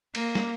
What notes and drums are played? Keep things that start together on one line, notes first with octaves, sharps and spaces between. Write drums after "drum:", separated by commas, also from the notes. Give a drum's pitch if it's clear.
A#3, drum: cymbal
drum: snare